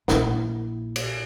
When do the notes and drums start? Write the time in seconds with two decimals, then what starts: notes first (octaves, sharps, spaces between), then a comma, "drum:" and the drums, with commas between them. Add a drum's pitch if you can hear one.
0.08 A#1 E4, drum: snare
0.96 drum: cymbal